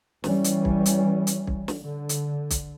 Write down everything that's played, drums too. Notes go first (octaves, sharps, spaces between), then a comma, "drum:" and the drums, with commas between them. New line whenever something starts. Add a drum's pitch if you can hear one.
E3 G3 C#4, drum: snare
drum: hi-hat
drum: kick
drum: hi-hat
drum: hi-hat
drum: kick
drum: snare
D3
drum: hi-hat
drum: kick, hi-hat